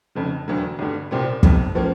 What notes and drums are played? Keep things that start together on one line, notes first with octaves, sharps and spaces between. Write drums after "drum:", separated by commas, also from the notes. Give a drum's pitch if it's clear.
F1 F2 C#3
E1 D2 D3 F#3
G#1 G2 D3
C2 A#2 G3 C4
F1 F2 C3, drum: kick
A2 F3 A#3 C#4